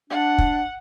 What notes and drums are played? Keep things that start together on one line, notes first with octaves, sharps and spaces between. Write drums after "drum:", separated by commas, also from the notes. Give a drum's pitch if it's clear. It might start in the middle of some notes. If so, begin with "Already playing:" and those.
D4 F#5
drum: kick